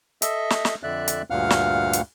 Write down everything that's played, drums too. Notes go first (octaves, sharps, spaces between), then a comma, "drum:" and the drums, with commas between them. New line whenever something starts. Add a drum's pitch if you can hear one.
A4 D#5 E5, drum: hi-hat
drum: snare
drum: snare
F2 D3 D5 E5 F#6
drum: hi-hat
D2 G2 A#2 F5 F#5 F6
drum: snare
drum: hi-hat